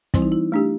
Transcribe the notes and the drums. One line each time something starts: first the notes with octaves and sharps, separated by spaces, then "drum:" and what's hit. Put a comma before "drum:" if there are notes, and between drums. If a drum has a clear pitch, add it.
E3 G3 C4 E4, drum: kick, hi-hat
D#4
E4
A3 D4 G4